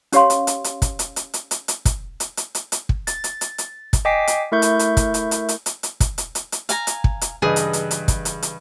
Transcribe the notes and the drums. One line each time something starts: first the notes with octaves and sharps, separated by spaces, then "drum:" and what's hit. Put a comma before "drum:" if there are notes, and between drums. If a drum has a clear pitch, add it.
C#4 G4 C#5 F5 C6, drum: hi-hat
drum: hi-hat
drum: hi-hat
drum: hi-hat
drum: kick, hi-hat
drum: hi-hat
drum: hi-hat
drum: hi-hat
drum: hi-hat
drum: hi-hat
drum: kick, hi-hat
drum: hi-hat
drum: hi-hat
drum: hi-hat
drum: hi-hat
drum: kick
A6, drum: hi-hat
drum: hi-hat
drum: hi-hat
drum: hi-hat
drum: kick, hi-hat
D#5 G5 G#5 D6 B6 C7
drum: hi-hat
A3 E4 A#4 E5 C#6 G6
drum: hi-hat
drum: hi-hat
drum: kick, hi-hat
drum: hi-hat
drum: hi-hat
drum: hi-hat
drum: hi-hat
drum: hi-hat
drum: kick, hi-hat
drum: hi-hat
drum: hi-hat
drum: hi-hat
F5 G#5 A#5, drum: hi-hat
drum: hi-hat
drum: kick
drum: hi-hat
G2 C#3 E3 G#4 B4 D#5
drum: hi-hat
drum: hi-hat
drum: hi-hat
drum: kick, hi-hat
drum: hi-hat
drum: hi-hat